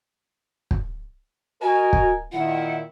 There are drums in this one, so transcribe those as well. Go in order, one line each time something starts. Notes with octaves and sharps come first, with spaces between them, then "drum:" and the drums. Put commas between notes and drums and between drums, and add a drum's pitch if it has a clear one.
drum: kick
F#4 A#4 D#5 G#5
drum: kick
A#2 D#3 E4 F#5